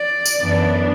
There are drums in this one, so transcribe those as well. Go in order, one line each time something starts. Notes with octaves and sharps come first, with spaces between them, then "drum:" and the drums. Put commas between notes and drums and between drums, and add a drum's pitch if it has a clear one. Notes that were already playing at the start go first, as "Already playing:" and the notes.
Already playing: D5
drum: tambourine
F#2 E3 B3 D4